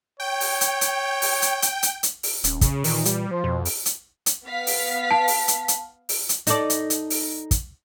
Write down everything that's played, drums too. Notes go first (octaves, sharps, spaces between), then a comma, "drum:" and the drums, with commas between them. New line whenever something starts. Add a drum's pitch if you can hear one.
C#5 G5
drum: open hi-hat
drum: hi-hat
drum: hi-hat
drum: open hi-hat
drum: hi-hat
drum: hi-hat
drum: hi-hat
drum: hi-hat
drum: open hi-hat
D#1 C#4, drum: hi-hat
C#3, drum: kick, hi-hat
A#2 D#3 E3, drum: open hi-hat
G3, drum: hi-hat
F3 C5
F2 B2
drum: open hi-hat
drum: hi-hat
drum: hi-hat
B3 F5 B6
drum: open hi-hat
A5
drum: open hi-hat
drum: hi-hat
drum: hi-hat
drum: open hi-hat
drum: hi-hat
D#4 A4 D5, drum: hi-hat
drum: hi-hat
drum: hi-hat
drum: open hi-hat
drum: kick, hi-hat